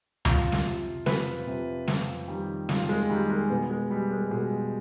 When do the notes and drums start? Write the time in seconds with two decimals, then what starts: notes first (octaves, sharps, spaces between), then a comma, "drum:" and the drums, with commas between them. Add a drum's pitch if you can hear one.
0.25 F2 F4, drum: tom C#2
0.52 drum: snare
0.66 C3 F3
1.06 F2 B4, drum: snare
1.47 C3 F3
1.88 F2, drum: snare
2.28 D#3 G3
2.69 F2 F4, drum: snare
2.89 G#3
3.09 D#3 G3
3.30 G#3
3.50 B2 B3
3.70 G#3
3.91 G3
4.11 G#3
4.31 B2 G#3